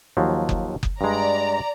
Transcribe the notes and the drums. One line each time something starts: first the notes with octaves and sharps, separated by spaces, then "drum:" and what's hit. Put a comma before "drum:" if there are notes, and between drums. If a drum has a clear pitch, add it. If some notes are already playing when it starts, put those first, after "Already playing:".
D#2 F3 F#3
drum: kick F#1
drum: kick F#1
G2 G#3 D5 A#5